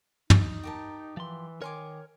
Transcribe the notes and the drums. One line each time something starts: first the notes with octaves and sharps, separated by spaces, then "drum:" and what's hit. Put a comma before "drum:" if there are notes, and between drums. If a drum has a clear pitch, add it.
D#4, drum: tom
G4 A#4 A5
E3 F3 C6
D#3 A#4 C#5 G#5 C6 D6